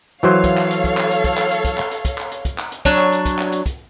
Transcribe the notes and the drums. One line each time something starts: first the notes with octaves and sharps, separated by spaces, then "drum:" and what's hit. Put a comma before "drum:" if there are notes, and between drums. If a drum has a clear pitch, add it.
E3 F#3 A4 C5 C#5 F5
drum: kick, hi-hat
drum: clap
drum: hi-hat
drum: kick, hi-hat
drum: clap
drum: hi-hat
drum: kick, hi-hat
drum: clap
drum: hi-hat
drum: kick, hi-hat
drum: clap
drum: hi-hat
drum: kick, hi-hat
drum: clap
drum: hi-hat
drum: kick, hi-hat
drum: clap
drum: hi-hat
F#3 D4 C#5, drum: kick, hi-hat
drum: clap
drum: hi-hat
drum: kick, hi-hat
drum: clap
drum: hi-hat
drum: kick, hi-hat